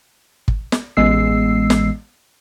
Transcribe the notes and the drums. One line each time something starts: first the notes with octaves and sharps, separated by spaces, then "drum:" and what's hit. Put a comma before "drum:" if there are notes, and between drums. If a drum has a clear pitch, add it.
drum: kick
drum: snare
A1 G#3 B3 E6 C7
drum: snare